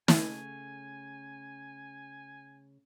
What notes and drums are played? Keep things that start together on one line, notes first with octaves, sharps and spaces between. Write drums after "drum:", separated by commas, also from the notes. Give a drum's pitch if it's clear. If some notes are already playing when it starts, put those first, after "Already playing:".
C#3 A3 G#5, drum: snare